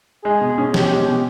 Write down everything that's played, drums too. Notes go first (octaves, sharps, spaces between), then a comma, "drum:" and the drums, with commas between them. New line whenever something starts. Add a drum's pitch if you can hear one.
G#3 G#4
B2
C#4
B2 G4, drum: snare
G#3
B2